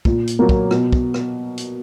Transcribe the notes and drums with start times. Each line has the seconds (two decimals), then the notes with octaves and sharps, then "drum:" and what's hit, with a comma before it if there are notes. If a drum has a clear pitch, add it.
0.05 A#2, drum: kick
0.27 drum: hi-hat
0.39 F#3 A#3
0.49 drum: kick
0.71 B2, drum: rim click
0.93 drum: kick
1.14 drum: rim click
1.58 drum: hi-hat